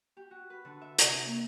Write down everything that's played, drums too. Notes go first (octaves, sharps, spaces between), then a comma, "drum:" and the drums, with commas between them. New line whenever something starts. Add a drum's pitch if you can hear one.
G4
F#4
B4
D3
E5
C3, drum: hi-hat
A#3